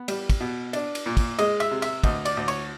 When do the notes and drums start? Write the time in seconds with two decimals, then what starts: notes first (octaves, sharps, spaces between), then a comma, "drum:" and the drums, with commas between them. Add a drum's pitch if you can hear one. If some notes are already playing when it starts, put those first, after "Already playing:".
Already playing: B3
0.08 G3, drum: cymbal
0.30 drum: kick, cymbal
0.40 B2
0.73 D4, drum: cymbal
0.95 drum: cymbal
1.06 A#2
1.17 drum: kick, cymbal
1.39 G#3 D#5, drum: cymbal
1.60 E5, drum: cymbal
1.71 C3
1.82 E5, drum: cymbal
2.04 D2 D#5, drum: kick, cymbal
2.25 D5, drum: cymbal
2.37 D2
2.48 C#5, drum: cymbal